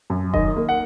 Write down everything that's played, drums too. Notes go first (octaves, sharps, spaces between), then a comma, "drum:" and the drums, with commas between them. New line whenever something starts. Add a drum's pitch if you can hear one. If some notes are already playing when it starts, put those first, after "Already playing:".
F#2
D#3 D#5, drum: kick E1
A#3
F#5